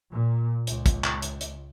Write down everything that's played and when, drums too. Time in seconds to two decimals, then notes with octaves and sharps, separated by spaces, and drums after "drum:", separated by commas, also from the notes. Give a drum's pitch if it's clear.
0.10 A#2
0.67 C#2, drum: hi-hat
0.86 drum: kick, hi-hat
1.04 drum: clap
1.22 drum: hi-hat
1.41 drum: hi-hat